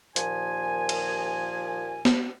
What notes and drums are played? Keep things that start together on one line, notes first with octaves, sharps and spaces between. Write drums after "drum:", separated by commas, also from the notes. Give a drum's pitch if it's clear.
D#2 A#2 F3 G#5, drum: hi-hat
drum: cymbal
drum: snare